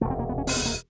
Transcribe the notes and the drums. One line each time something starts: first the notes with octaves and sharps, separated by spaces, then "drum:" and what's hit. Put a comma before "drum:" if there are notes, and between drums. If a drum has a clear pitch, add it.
E1 D2 C3 A3
C4
A#3
B3
C#4
C4, drum: open hi-hat
B3
A#3